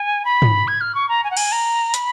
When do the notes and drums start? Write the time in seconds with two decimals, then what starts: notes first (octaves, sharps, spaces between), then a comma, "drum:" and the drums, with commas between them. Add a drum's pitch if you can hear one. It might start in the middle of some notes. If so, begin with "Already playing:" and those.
Already playing: G#5
0.25 B5
0.42 drum: tom
0.67 G#6
0.81 F6
0.95 C#6
1.09 A#5
1.24 G#5
1.31 F#5
1.37 G#5, drum: cymbal
1.52 A#5
1.94 B5, drum: hi-hat